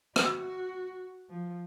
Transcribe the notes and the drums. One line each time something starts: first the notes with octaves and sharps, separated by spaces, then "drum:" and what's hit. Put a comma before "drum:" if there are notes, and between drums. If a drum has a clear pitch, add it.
F#4, drum: rim click
F3